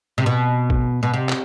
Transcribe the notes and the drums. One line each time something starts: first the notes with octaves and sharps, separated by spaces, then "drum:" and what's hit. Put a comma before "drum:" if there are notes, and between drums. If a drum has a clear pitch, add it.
C3
B2
drum: kick A1
B2
C3
drum: clap